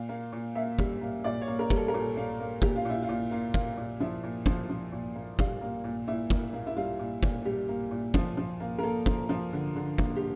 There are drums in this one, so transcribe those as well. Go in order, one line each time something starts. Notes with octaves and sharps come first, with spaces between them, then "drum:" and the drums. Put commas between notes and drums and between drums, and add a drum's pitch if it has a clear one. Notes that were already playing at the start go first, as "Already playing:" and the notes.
Already playing: A#2 F5
A#3
A#2
A#3 E5
G3, drum: kick
A#3
A#2 D5
C#5
A#3
A#4
G3, drum: kick
A4
A#4
A#2
A4
A#3
A#3
A#2 G4, drum: kick
F4
A#2 E4
F4
A#2
A#3 F4
A#3, drum: kick
A#2
F3 E4
A#2
F3, drum: kick
F3
A#2
A#3
G3 F4, drum: kick
A#3
A#2
A#2 E4
A#2, drum: kick
A#3
E4
G3 F4
A#2
A#2, drum: kick
G3 G4
A#3
A#2
F3, drum: kick
F3
A#3
A#4
A#3 A4
F3, drum: kick
F3
D3
D3
A#3, drum: kick
G4